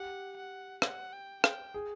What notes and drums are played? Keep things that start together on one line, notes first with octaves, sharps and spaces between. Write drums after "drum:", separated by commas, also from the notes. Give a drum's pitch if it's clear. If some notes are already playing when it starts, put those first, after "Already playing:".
Already playing: G4 F#5
F#5
F#5, drum: rim click
G5
G5, drum: rim click
G#4